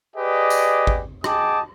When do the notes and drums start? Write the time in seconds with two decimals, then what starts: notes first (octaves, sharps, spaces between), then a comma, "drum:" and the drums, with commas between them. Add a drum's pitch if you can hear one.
0.16 G4 G#4 B4 D5 D#5
0.50 drum: tambourine
0.87 drum: kick
1.24 G#4 D#5 G5 A5 D6 D#6, drum: rim click